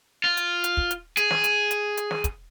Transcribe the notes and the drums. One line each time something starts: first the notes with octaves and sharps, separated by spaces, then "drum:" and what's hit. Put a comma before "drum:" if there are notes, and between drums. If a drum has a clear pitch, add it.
F4
drum: hi-hat
drum: hi-hat
drum: kick
drum: hi-hat
G#4, drum: hi-hat
drum: snare
drum: hi-hat
drum: hi-hat
drum: hi-hat
drum: snare
drum: kick, hi-hat